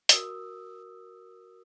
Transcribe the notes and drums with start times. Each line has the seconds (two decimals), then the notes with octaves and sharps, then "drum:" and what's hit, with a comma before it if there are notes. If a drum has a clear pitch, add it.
0.09 F#4 A#4 D#6 E6, drum: hi-hat